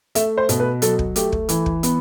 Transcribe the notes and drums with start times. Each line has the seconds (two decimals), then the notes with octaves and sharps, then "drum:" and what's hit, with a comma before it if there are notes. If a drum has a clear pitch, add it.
0.15 A3 E5, drum: hi-hat
0.37 C5
0.49 B2, drum: hi-hat
0.60 B4
0.82 F#3 A4, drum: hi-hat
0.99 drum: kick
1.16 A3 G4, drum: hi-hat
1.32 drum: kick
1.49 E3, drum: hi-hat
1.66 drum: kick
1.83 B3, drum: hi-hat